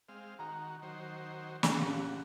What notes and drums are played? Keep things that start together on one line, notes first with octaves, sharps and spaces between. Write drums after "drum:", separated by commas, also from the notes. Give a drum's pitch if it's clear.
G#3 C4 F5
D#3 F#4 A#5
D#3 F#3 C5
drum: snare
A#2 C#3 G3 F#5